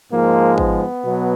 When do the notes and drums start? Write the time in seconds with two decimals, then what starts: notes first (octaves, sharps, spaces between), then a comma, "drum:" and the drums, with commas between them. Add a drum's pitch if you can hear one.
0.11 G#2 F3 G#3 A#3
0.58 B3, drum: kick G#1
1.03 B2 F#3